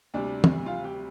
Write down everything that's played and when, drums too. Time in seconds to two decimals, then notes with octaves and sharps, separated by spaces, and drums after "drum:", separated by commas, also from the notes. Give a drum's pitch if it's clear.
0.14 D2 C3 G3 D4
0.44 drum: tom
0.66 F4
0.84 G4